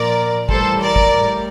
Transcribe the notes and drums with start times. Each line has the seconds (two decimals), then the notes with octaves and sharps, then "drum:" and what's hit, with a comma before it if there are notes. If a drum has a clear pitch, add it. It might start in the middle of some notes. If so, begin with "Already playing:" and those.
Already playing: A#2 F3 A#4 D5
0.49 A2 E3 G3 A4 C5, drum: kick
0.81 A#4 D5
0.96 drum: kick
1.12 A2 G3